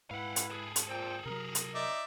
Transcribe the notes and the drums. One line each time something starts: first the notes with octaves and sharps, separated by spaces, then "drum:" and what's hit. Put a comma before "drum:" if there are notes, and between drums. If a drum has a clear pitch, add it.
G#2 E4 B4 F5 F#5
drum: hi-hat
G#4 A4
drum: hi-hat
A#2 C4 G5
C3 F#3 A#4
drum: hi-hat
D#4 D5 E5